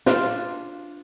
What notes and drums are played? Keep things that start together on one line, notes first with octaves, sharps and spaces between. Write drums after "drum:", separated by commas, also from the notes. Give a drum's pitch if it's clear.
D4 F4, drum: snare